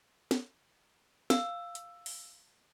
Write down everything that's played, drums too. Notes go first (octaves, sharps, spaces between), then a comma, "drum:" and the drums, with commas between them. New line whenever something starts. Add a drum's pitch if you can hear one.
drum: snare
F5 E6, drum: snare
drum: hi-hat
drum: open hi-hat